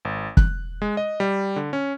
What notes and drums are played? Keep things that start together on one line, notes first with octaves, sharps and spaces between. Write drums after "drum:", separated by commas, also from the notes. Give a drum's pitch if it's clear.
G#1
F#6, drum: kick
G#3
D#5
G3
D3
C#4